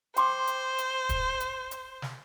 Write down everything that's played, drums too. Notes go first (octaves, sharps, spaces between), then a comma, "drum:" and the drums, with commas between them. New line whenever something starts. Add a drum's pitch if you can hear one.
C5 G5 C6 D6, drum: hi-hat
drum: hi-hat
drum: hi-hat
drum: kick, hi-hat
drum: hi-hat
drum: hi-hat
drum: snare